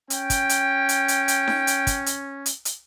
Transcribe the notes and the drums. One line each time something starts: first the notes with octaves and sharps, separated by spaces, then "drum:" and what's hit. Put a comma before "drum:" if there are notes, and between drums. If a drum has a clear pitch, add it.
C#4 G5, drum: hi-hat
drum: kick, hi-hat
drum: hi-hat
drum: hi-hat
drum: hi-hat
drum: hi-hat
drum: snare D#4
drum: hi-hat
drum: kick, hi-hat
drum: hi-hat
drum: hi-hat
drum: hi-hat